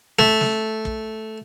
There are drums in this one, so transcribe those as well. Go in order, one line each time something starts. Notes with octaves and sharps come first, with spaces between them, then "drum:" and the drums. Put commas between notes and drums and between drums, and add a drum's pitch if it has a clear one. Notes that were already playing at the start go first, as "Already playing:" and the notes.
A3, drum: snare
drum: snare
drum: kick